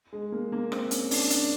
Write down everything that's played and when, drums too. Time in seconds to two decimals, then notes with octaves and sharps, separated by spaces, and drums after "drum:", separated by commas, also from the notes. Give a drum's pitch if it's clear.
0.13 G#3
0.32 A#3
0.52 A#3
0.72 C4, drum: rim click
0.91 C#4, drum: hi-hat
1.11 D4, drum: open hi-hat
1.30 D4, drum: hi-hat